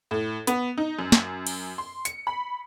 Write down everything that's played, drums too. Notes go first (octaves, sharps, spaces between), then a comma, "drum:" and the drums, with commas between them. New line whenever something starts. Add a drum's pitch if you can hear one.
A2
B3, drum: hi-hat
D#4
F#2
drum: snare
drum: cymbal
C6
C#7, drum: hi-hat
B5